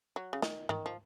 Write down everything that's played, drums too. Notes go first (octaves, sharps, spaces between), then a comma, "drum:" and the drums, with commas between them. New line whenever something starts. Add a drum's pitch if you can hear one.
F#3
C#3
D#3, drum: snare
D#3, drum: tom G#2
F3